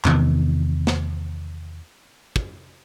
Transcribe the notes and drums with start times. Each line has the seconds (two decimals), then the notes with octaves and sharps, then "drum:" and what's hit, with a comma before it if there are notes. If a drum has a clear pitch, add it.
0.05 E2 C3 D#3 B3, drum: clap
0.87 drum: snare
2.36 drum: kick